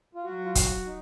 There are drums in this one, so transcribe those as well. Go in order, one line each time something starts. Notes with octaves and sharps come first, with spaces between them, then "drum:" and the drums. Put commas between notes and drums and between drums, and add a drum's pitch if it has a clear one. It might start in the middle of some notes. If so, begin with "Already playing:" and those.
F4
F#3 F#4
F4
F#4, drum: kick, hi-hat
D#4